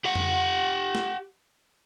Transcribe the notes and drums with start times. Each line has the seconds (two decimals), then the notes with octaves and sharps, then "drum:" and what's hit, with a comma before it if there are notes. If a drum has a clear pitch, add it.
0.04 G4 F#5
0.15 drum: tom F2
0.95 drum: snare